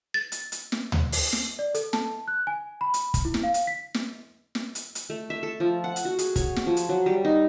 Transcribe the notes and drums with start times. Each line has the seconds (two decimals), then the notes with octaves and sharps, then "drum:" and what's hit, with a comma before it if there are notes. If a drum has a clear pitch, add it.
0.14 A6
0.32 drum: hi-hat
0.52 drum: hi-hat
0.72 drum: snare
0.92 drum: tom D2
1.12 drum: open hi-hat
1.32 drum: snare
1.59 D5
1.75 A4, drum: hi-hat
1.93 A5, drum: snare
2.28 F#6
2.47 G#5
2.81 B5
2.94 drum: hi-hat
3.14 drum: kick, hi-hat
3.25 E4
3.34 drum: snare
3.43 F5
3.54 drum: hi-hat
3.67 B6
3.94 drum: snare
4.55 drum: snare
4.75 drum: hi-hat
4.95 drum: hi-hat
5.10 A3
5.30 E5
5.43 A4
5.60 F3
5.84 F#5
5.96 drum: hi-hat
6.05 F#4
6.19 G#4, drum: hi-hat
6.36 C#5, drum: kick, hi-hat
6.56 drum: snare
6.66 F3
6.77 drum: hi-hat
6.89 F#3
7.06 G3
7.25 D#4